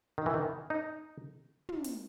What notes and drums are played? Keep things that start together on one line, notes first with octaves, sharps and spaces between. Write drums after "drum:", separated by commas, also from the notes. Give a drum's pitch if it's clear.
D#3
E3
D#3
D#4
drum: tom
drum: hi-hat